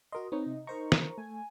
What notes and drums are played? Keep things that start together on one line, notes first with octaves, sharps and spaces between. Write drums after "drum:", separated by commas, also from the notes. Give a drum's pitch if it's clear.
F#4 A#4 D#5 C6
C4 D#4 B4 C#5
C3
D#4 A#4 C5 A#5 C#6
drum: snare
A3 G#5